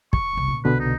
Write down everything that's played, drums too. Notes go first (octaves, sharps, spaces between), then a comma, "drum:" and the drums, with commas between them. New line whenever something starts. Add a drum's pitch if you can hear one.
C#6, drum: kick
G1 C2
A#2 C#3
C2 B2 D3 B4
D#4